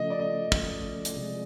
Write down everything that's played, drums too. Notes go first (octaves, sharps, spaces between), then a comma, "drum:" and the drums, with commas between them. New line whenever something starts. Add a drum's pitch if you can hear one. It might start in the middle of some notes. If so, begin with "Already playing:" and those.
Already playing: C#3 F3 A3 D#5
D5
D#5
C#3 F3 A3, drum: kick
drum: hi-hat
C3 F3 G#3